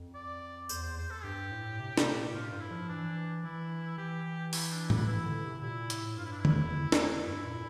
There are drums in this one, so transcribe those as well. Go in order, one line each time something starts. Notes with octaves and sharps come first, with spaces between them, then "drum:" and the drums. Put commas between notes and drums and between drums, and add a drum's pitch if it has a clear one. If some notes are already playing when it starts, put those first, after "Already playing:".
Already playing: F2
D5
E2 C5, drum: tambourine
C5
C5
A4
G2 G4
A2
C3
C3, drum: snare
A#2
A#2
A2 F4
G2
E4
F3
E3 D4
E3 E4
E3 G4
E4, drum: open hi-hat
D4
E4, drum: tom A2
D3
E3 E4
D3
C3
A#2 E4
A2, drum: hi-hat
G2 F4
E4
D4
E4
E2, drum: tom D3
F2
drum: snare
G2 E4
A#2